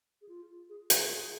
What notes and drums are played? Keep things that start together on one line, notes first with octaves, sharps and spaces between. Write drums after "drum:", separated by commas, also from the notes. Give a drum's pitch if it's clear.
G#4
F4
G#4
G#4, drum: hi-hat